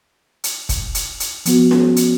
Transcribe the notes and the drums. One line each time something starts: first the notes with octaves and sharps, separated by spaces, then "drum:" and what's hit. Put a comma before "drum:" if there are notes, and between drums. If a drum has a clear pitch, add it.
drum: hi-hat
drum: kick, hi-hat
drum: hi-hat
drum: hi-hat
F3 B3 F#4, drum: hi-hat
drum: snare C#4
drum: hi-hat